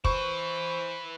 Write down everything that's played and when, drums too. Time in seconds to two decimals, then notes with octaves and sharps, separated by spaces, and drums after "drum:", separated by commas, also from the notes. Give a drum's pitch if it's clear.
0.05 E4 B4 C5 C#6, drum: kick